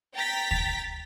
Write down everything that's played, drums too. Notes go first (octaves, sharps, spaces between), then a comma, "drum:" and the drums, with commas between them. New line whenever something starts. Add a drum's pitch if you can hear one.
G5 A#5 A6 B6
drum: kick